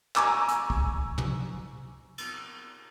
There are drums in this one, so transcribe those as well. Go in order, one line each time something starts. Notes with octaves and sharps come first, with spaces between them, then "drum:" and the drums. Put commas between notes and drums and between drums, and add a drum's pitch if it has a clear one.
G#5 A#5 C#6 D6 E6, drum: clap
drum: hi-hat
drum: kick
drum: tom
drum: cymbal